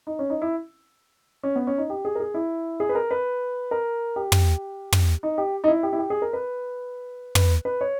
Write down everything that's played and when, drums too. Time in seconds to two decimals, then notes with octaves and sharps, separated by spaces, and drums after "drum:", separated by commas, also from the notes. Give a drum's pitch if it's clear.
0.07 D#4
0.19 C#4
0.30 D#4
0.42 E4
1.43 C#4
1.56 B3
1.67 C#4
1.78 D#4
1.90 G4
2.05 G#4
2.15 A#4
2.20 G#4
2.34 E4
2.80 G#4
2.89 B4
2.95 A#4
3.11 B4
3.71 A#4
4.16 G4
4.32 drum: tom
4.92 drum: tom
5.23 D#4
5.38 G4
5.64 D#4
5.68 E4
5.83 G4
5.93 E4
5.99 G4
6.10 G#4
6.22 A#4
6.33 B4
7.35 B4, drum: tom
7.65 B4
7.81 C#5